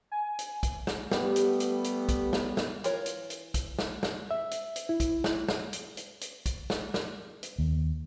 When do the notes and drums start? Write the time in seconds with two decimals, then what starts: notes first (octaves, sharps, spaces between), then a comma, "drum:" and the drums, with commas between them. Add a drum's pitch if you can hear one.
0.12 G#5
0.39 drum: hi-hat
0.63 drum: kick, hi-hat
0.87 drum: snare
1.11 G3 A3 B3 G4, drum: snare
1.36 drum: hi-hat
1.60 drum: hi-hat
1.84 drum: hi-hat
2.09 drum: kick, hi-hat
2.33 drum: snare
2.57 drum: snare
2.84 E3 F4 A#4 C#5, drum: hi-hat
3.06 drum: hi-hat
3.30 drum: hi-hat
3.54 drum: kick, hi-hat
3.79 drum: snare
4.03 drum: snare
4.31 E5
4.51 drum: hi-hat
4.76 drum: hi-hat
4.89 E4
5.00 drum: kick, hi-hat
5.24 drum: snare
5.49 drum: snare
5.73 drum: hi-hat
5.97 drum: hi-hat
6.21 drum: hi-hat
6.46 drum: kick, hi-hat
6.70 drum: snare
6.94 drum: snare
7.43 drum: hi-hat
7.58 D#2